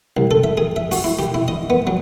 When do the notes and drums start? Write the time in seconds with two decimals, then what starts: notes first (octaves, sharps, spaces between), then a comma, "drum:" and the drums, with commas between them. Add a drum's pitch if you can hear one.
0.17 C2
0.31 A4
0.44 E5
0.57 G#4
0.76 E5
0.91 F#4, drum: open hi-hat
1.04 E4
1.19 G4, drum: tom
1.34 E4
1.48 D#5
1.70 B3
1.87 F#3